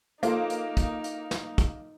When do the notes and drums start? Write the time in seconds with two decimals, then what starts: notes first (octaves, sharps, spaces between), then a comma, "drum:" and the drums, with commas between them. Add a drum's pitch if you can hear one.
0.23 A#3 D#4 F4 A4 C5, drum: hi-hat
0.50 drum: hi-hat
0.77 drum: kick, hi-hat
1.04 drum: hi-hat
1.31 drum: snare
1.58 drum: kick, hi-hat